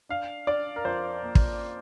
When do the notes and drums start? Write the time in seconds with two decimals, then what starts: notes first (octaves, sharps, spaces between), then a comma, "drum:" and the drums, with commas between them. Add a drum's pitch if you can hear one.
0.09 D4 F5
0.47 D4 D5
0.76 A#4
0.85 F2 C5
1.23 A#3
1.35 drum: kick